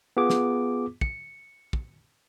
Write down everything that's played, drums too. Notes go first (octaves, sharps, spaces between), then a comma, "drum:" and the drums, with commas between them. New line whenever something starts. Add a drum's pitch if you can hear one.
B3 F4 G#4 D6
drum: snare
C#7, drum: kick
drum: kick